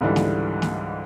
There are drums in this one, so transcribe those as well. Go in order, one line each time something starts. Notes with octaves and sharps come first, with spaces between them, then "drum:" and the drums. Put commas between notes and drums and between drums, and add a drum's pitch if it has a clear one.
C#2 G#2 D3 E3 G3
drum: snare
drum: snare